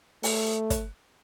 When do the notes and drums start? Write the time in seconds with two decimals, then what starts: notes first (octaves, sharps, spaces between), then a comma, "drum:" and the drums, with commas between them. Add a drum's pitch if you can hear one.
0.23 A3, drum: open hi-hat
0.70 drum: kick, hi-hat